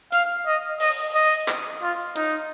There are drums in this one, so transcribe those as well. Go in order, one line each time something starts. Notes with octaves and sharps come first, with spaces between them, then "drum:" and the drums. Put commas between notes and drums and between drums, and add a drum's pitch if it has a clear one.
F5, drum: hi-hat
D#5
D#5, drum: open hi-hat
D#5
drum: clap
F4
D#4, drum: hi-hat